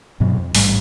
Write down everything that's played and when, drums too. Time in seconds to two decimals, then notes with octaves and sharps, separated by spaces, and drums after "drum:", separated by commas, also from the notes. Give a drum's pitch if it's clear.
0.20 G2 B2 F#3
0.38 F2
0.55 A1 G#2 G3, drum: open hi-hat